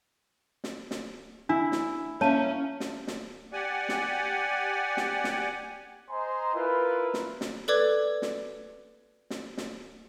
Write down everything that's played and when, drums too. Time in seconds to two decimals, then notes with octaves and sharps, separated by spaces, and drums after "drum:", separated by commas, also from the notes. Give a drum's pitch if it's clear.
0.64 drum: snare
0.91 drum: snare
1.49 D4 E4
1.72 drum: snare
2.21 A#3 C#4 C#5 E5 A5
2.80 drum: snare
3.07 drum: snare
3.53 G4 D5 F#5 G#5
3.89 drum: snare
4.97 drum: snare
5.24 drum: snare
6.10 C5 D#5 G#5 A#5 C6
6.54 E4 F4 A#4 B4
7.14 drum: snare
7.41 drum: snare
7.68 A4 B4 D5 D6 G#6
8.22 drum: snare
9.30 drum: snare
9.58 drum: snare